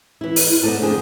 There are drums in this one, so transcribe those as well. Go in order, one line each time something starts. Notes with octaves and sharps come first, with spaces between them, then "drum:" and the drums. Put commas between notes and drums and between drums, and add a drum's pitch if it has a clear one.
E3 E4
drum: open hi-hat
B3 D#4 A4 C5 D5 A5
F2 D3 G#4 G5